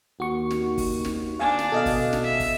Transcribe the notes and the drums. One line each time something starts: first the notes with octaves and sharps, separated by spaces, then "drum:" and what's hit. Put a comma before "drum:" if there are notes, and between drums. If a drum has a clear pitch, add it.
D#2 F#4 C#6
drum: snare
drum: kick, open hi-hat
drum: snare
D4 F5 G#5
drum: snare
B2 A4 D#5 F5
drum: kick, open hi-hat
drum: snare
E5
drum: kick, open hi-hat